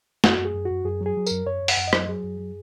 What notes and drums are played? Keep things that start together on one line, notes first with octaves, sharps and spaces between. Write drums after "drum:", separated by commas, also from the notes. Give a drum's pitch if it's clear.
F#2 F#4, drum: snare
F#2
G#4
F#2
F#4
F#2
F#2 G#4
F#3
G#4
F#3
F#2 A#4, drum: tambourine
F#2 C#5
F#2
F#5, drum: open hi-hat
F#2
D#5
F#3, drum: rim click
F#3 G#4
F#2
F#3